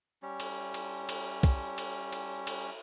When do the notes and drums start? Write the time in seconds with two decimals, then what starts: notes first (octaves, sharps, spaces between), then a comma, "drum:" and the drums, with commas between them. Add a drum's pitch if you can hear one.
0.22 G3 C#4
0.40 drum: cymbal
0.74 drum: cymbal
1.09 drum: cymbal
1.43 drum: kick, cymbal
1.78 drum: cymbal
2.13 drum: cymbal
2.47 drum: cymbal